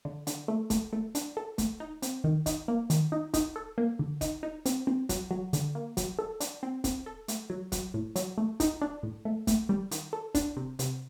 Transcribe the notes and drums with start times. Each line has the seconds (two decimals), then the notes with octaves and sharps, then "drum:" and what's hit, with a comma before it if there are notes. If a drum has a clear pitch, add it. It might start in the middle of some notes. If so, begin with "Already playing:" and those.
0.05 D3
0.27 D3, drum: hi-hat
0.48 A3
0.70 A3, drum: kick, hi-hat
0.93 A3
1.15 D4, drum: hi-hat
1.37 A4
1.58 A3, drum: kick, hi-hat
1.80 D#4
2.02 C4, drum: hi-hat
2.24 D#3
2.46 D#4, drum: kick, hi-hat
2.68 A#3
2.90 D#3, drum: hi-hat
3.12 D#4
3.34 D#4, drum: kick, hi-hat
3.56 A4
3.78 A#3
3.99 D3
4.21 D#4, drum: kick, hi-hat
4.43 D#4
4.65 C4, drum: hi-hat
4.87 C4
5.09 F#3, drum: kick, hi-hat
5.31 F#3
5.53 D3, drum: hi-hat
5.75 A#3
5.97 F#3, drum: kick, hi-hat
6.19 A4
6.40 D4, drum: hi-hat
6.63 C4
6.84 C4, drum: kick, hi-hat
7.06 A4
7.28 A3, drum: hi-hat
7.50 F#3
7.72 F#3, drum: kick, hi-hat
7.94 A2
8.16 F#3, drum: hi-hat
8.38 A3
8.60 D#4, drum: kick, hi-hat
8.81 D4
9.03 A2
9.25 A3
9.47 A3, drum: kick, hi-hat
9.69 G3
9.91 D#3, drum: hi-hat
10.13 A4
10.35 D4, drum: kick, hi-hat
10.57 C3
10.79 C3, drum: hi-hat